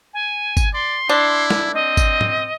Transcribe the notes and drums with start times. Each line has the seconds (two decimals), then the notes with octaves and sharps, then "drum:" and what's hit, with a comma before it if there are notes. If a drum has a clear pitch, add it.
0.14 G#5
0.57 drum: kick G1, tambourine
0.73 D5 C6
1.09 D4 E4
1.50 drum: snare
1.74 C4 D#5
1.97 drum: kick G1, tambourine
2.21 drum: tom G#2